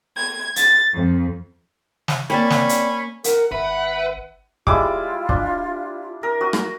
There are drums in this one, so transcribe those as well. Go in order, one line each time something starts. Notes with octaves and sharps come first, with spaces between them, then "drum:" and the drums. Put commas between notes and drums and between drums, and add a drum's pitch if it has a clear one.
G#6
A6, drum: hi-hat
F2
drum: snare
A#3 C4 C#4 D5 A5 B5
drum: snare
drum: hi-hat
A#4 F#5, drum: hi-hat
G#1 B4 E5
G3 G#3 E4 F4 D6, drum: kick
D4, drum: kick
A#4
F#4 D#6
drum: rim click